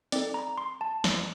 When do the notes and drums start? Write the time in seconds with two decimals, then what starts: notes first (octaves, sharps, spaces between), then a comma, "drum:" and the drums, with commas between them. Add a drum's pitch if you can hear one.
0.12 C4 D#4 A4 D5, drum: hi-hat
0.34 A#5
0.58 C6
0.81 A5
1.04 drum: snare